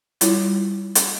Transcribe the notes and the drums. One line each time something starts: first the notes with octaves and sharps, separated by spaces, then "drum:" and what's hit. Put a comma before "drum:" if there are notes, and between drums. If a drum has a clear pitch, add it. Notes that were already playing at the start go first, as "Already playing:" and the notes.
G3 E4 F4, drum: hi-hat
drum: hi-hat